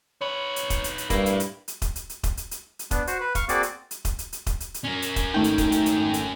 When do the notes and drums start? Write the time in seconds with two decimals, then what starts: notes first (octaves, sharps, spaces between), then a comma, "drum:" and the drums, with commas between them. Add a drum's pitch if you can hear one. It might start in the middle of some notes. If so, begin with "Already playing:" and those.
0.21 D#4 B4 C#5
0.56 drum: hi-hat
0.70 drum: kick D#1, hi-hat
0.84 drum: hi-hat
0.98 drum: hi-hat
1.10 G2 A3 A#3 E4, drum: kick D#1, hi-hat
1.26 drum: hi-hat
1.40 drum: hi-hat
1.68 drum: hi-hat
1.82 drum: kick D#1, hi-hat
1.96 drum: hi-hat
2.09 drum: hi-hat
2.23 drum: kick D#1, hi-hat
2.37 drum: hi-hat
2.51 drum: hi-hat
2.79 drum: hi-hat
2.91 B3 D4, drum: kick D#1, hi-hat
3.07 F#4 C5, drum: hi-hat
3.21 B4
3.35 F5 C#6, drum: kick D#1, hi-hat
3.49 A#3 C4 F#4 G#4 D5 D6, drum: hi-hat
3.63 drum: hi-hat
3.91 drum: hi-hat
4.05 drum: kick D#1, hi-hat
4.19 drum: hi-hat
4.33 drum: hi-hat
4.46 drum: kick D#1, hi-hat
4.60 drum: hi-hat
4.74 drum: hi-hat
4.84 C#4 A#4
5.02 drum: hi-hat
5.16 drum: kick D#1, hi-hat
5.34 G#1 A3 D#4 G5
5.44 drum: hi-hat
5.58 drum: kick D#1, hi-hat
5.72 drum: hi-hat
5.86 drum: hi-hat
6.14 drum: hi-hat